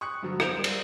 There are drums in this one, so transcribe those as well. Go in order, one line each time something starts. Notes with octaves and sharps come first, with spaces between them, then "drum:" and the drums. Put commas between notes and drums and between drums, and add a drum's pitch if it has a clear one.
C#6 D#6 F#6 C#7
G2 D3 F3 F#3
G6 G#6 D7 E7 F7, drum: rim click
G3 A#3 C5
drum: cymbal